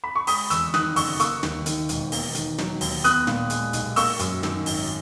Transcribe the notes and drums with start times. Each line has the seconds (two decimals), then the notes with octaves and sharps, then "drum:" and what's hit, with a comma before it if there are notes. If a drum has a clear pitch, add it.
0.04 B5
0.16 C#6
0.27 G#3 B5 D#6, drum: open hi-hat
0.50 E2 C#6 E6, drum: hi-hat
0.74 D#3 D#6 F#6, drum: snare
0.96 F#1 C#6 E6, drum: open hi-hat
1.20 A#3 C#6 E6, drum: hi-hat
1.43 D#2, drum: snare
1.66 D#3, drum: hi-hat
1.89 E1, drum: hi-hat
2.12 A#3, drum: open hi-hat
2.35 D#3, drum: hi-hat
2.58 F#3, drum: snare
2.81 D#2, drum: open hi-hat
3.04 B3 D#6 F#6, drum: hi-hat
3.27 A#2, drum: snare
3.50 G#3, drum: hi-hat
3.73 B1, drum: hi-hat
3.96 A#3 C#6 E6, drum: open hi-hat
4.19 F#2, drum: hi-hat
4.43 D#3, drum: snare
4.66 G#1, drum: open hi-hat